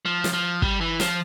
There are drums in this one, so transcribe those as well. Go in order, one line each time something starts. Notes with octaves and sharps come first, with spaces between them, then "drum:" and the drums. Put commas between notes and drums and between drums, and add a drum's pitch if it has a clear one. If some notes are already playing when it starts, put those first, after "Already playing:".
F3
drum: snare
F3
G3, drum: kick
E3
F3, drum: snare